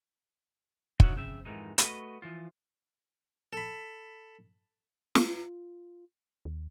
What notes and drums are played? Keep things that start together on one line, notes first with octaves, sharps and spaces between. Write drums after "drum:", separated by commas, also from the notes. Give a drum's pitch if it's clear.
D4 D#4 F#4 C#5 E5 F#5, drum: kick
C#3 C4 E5
F2 G#2 D#3 E3 G#3 D#4
A3 F#4 B4 D#5, drum: hi-hat
E3 F3 F4
A4 B5
F4, drum: snare
D#2